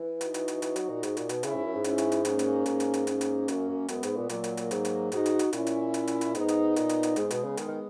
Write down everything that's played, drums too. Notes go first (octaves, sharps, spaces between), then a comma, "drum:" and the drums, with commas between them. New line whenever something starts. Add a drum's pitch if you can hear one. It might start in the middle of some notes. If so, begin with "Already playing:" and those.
Already playing: E3
D#4 F#4, drum: hi-hat
drum: hi-hat
drum: hi-hat
E3, drum: hi-hat
F#3, drum: hi-hat
A#2
G#2, drum: hi-hat
A#2, drum: hi-hat
B2, drum: hi-hat
C#3 C#4 E4, drum: hi-hat
G#2
F#2
G#2
C#4 E4, drum: hi-hat
drum: hi-hat
drum: hi-hat
A#3 C#4, drum: hi-hat
drum: hi-hat
G#2, drum: hi-hat
drum: hi-hat
drum: hi-hat
A#3 C#4, drum: hi-hat
drum: hi-hat
F#2, drum: hi-hat
F#2
F#2 G#3 B3, drum: hi-hat
G#2, drum: hi-hat
A#2
A#2 F#3 A#3, drum: hi-hat
drum: hi-hat
drum: hi-hat
G#2, drum: hi-hat
drum: hi-hat
G#2 D#4 F#4, drum: hi-hat
drum: hi-hat
drum: hi-hat
A#2 C#4 E4, drum: hi-hat
drum: hi-hat
drum: hi-hat
drum: hi-hat
drum: hi-hat
G#2 B3 D#4, drum: hi-hat
drum: hi-hat
A#2, drum: hi-hat
drum: hi-hat
drum: hi-hat
G#2 G#3 B3, drum: hi-hat
B2, drum: hi-hat
C#3
D#3, drum: hi-hat
D#3